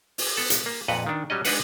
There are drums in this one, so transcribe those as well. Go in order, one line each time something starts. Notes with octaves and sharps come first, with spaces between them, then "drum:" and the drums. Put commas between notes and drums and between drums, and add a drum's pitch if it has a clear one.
drum: open hi-hat
B3 A4
drum: hi-hat
A#3
F2 A#2 B4 D#5 F#5
D#3 D4
F#3 G3 C#4 D#5
G#3 D4 D#4 B4 C5 F#5, drum: open hi-hat